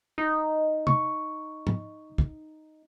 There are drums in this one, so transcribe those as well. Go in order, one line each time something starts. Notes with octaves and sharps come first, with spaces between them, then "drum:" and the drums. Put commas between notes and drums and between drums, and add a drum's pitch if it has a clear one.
D#4
C#6, drum: tom
drum: tom
drum: kick